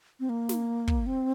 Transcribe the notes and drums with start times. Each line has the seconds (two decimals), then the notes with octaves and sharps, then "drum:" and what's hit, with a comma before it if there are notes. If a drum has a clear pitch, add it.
0.20 C4
0.29 A#3
0.49 drum: snare
0.88 drum: kick
1.06 C4